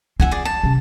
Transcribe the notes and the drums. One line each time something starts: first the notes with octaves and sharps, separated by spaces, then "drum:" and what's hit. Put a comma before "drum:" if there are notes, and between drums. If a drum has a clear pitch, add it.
C4 F4 E5 F#5 G#5, drum: kick
G#4 D5
A5
C3 C#4